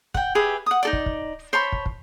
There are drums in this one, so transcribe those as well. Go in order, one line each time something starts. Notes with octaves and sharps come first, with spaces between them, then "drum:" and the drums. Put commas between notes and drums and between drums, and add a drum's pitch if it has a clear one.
F#5 G5, drum: kick
G4 G#4 B4 E5
F#5 D#6
D#4 A4 D5
drum: kick
drum: kick
C5 C#5 A5 B5
drum: kick
drum: kick